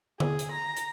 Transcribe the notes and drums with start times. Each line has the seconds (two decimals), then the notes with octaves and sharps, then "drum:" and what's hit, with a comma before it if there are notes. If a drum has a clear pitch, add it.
0.20 G#4, drum: tom D3
0.39 drum: hi-hat
0.52 A#5
0.77 drum: hi-hat